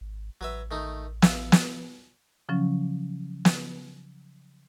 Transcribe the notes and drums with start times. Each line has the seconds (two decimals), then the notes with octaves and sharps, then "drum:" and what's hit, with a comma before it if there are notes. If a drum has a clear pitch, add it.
0.01 G#1
0.41 A1 F#3 B4 E5
0.71 D#3 A3 D#4
1.22 E5 F5, drum: snare
1.52 drum: snare
2.49 C#3 F3 F#3 C#4
3.45 drum: snare